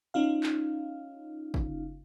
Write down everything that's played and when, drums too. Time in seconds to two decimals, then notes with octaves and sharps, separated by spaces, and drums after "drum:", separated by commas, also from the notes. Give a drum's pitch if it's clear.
0.14 C#4 D#4 F4 F5
0.43 drum: clap
1.54 drum: kick